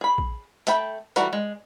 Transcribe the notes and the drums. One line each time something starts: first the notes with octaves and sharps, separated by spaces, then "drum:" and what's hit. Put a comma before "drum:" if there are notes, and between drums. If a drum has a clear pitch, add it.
G#4 B5
drum: kick A#1
A3 E5 G5 B5, drum: hi-hat
E3 G3 A3 F#4 A#5, drum: hi-hat
G#3